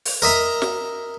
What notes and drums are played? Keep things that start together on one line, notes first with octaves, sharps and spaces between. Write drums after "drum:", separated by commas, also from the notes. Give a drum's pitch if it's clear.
drum: open hi-hat
A#4 D#5 E5 A#5
drum: snare